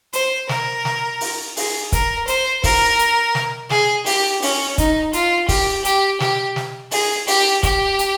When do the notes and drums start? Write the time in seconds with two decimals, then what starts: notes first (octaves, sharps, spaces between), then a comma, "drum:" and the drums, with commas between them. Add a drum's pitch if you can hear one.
0.13 C5, drum: hi-hat
0.49 A#4, drum: snare
0.85 drum: snare
1.21 drum: open hi-hat
1.57 G#4, drum: open hi-hat
1.92 A#4, drum: kick, hi-hat
2.28 C5, drum: hi-hat
2.64 A#4, drum: kick, open hi-hat
2.99 drum: hi-hat
3.35 drum: snare
3.70 G#4, drum: snare
4.06 G4, drum: open hi-hat
4.42 C#4, drum: open hi-hat
4.78 D#4, drum: kick, hi-hat
5.13 F4, drum: hi-hat
5.49 G4, drum: kick, open hi-hat
5.85 G4, drum: hi-hat
6.20 G4, drum: snare
6.56 drum: snare
6.91 G#4, drum: open hi-hat
7.27 G4, drum: open hi-hat
7.63 G4, drum: kick, hi-hat
7.99 drum: hi-hat